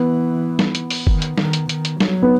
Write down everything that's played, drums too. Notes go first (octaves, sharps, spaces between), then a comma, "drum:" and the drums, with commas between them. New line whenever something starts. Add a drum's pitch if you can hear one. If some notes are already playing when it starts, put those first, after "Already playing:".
Already playing: E3 B3
drum: snare
drum: hi-hat
drum: open hi-hat
D#3, drum: kick
drum: hi-hat
D#3, drum: snare
drum: hi-hat
D#3, drum: hi-hat
drum: hi-hat
F#3, drum: snare
B3